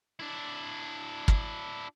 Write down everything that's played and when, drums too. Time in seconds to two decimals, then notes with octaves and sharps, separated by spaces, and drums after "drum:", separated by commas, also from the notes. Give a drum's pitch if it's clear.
0.20 D4 E4
1.28 drum: kick